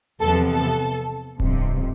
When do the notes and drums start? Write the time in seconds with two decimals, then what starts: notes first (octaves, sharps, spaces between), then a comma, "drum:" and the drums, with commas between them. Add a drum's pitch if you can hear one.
0.21 E2 C3 F3 B3 A4
0.50 A4
1.40 G1 F2 C3, drum: kick D1